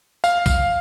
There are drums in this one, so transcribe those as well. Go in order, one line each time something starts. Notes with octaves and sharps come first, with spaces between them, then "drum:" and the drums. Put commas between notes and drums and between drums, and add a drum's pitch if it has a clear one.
F5, drum: tambourine
drum: kick, tambourine